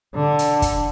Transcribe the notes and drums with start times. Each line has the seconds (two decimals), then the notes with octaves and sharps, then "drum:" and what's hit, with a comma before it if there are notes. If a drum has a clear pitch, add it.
0.15 D3
0.39 drum: hi-hat
0.62 drum: kick, hi-hat